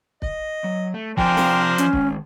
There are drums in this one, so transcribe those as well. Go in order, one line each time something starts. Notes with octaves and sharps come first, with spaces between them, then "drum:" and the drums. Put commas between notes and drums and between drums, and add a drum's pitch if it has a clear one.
D#5, drum: kick
F#3
A3
C3 F3 C4 D4 A#4 C5 G5 G#5, drum: kick
drum: snare
C#4, drum: hi-hat
D#3 G#3, drum: kick